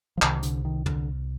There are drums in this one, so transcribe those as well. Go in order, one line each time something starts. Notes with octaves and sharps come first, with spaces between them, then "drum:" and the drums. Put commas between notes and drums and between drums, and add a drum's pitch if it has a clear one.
F3
C2 C3 D#3, drum: clap
D3, drum: hi-hat
D#3
D3, drum: tom